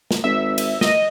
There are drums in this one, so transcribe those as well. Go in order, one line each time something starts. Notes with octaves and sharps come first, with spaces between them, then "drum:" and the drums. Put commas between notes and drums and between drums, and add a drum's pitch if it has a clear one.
drum: snare
G#1 E5
drum: cymbal
D#5, drum: snare